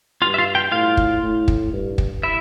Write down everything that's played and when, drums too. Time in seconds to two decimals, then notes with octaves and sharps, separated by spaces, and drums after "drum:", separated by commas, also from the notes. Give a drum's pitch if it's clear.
0.22 G2 F4 F5
0.34 E5
0.38 F4 F5
0.55 G4 G5
0.72 A2 F4 F5
0.97 drum: kick
1.23 A2
1.48 drum: kick
1.73 G2
1.98 drum: kick
2.23 E4 E5